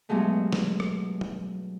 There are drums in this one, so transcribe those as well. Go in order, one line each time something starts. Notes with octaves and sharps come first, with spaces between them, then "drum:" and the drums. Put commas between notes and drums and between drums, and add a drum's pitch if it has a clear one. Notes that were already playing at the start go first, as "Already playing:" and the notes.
G2 B2 F#3 G#3 A3
drum: snare
drum: rim click
drum: tom